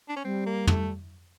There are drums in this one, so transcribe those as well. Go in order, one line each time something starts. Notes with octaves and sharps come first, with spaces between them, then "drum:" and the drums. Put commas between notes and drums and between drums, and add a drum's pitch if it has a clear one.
D4
C#4
G3 C4
A#3
A3, drum: tom